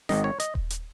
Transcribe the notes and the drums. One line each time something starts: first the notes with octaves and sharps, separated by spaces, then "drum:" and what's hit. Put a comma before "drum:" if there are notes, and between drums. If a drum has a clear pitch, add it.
G#1 G#2 D#3 D#5, drum: snare
C#5
D#5, drum: hi-hat
drum: kick D#1
drum: hi-hat